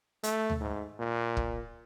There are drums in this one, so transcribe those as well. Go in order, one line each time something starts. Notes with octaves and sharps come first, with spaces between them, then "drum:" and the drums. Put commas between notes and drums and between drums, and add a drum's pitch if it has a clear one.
A3, drum: hi-hat
drum: tom D2
G#2
A#2
drum: kick